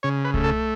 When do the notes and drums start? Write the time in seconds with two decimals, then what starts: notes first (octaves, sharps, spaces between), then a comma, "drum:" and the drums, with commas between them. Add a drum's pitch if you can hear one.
0.03 C#3 C#5
0.25 B4
0.34 A3, drum: kick C2
0.44 A4